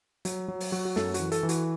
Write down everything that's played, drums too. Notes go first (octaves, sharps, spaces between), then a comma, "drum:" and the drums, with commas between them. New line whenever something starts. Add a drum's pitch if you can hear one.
F#3, drum: hi-hat
F#3
drum: open hi-hat
F#3 F#4
F#4
F#2 A4, drum: snare
F#4, drum: hi-hat
E3
A4, drum: hi-hat
E3
F#4, drum: hi-hat